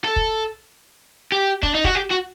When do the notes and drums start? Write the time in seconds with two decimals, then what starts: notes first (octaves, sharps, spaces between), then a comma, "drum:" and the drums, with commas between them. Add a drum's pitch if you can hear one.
0.04 A4
0.16 drum: kick
1.32 G4
1.63 D4, drum: kick
1.74 D#4
1.84 F#4, drum: kick
1.95 G4
2.11 F#4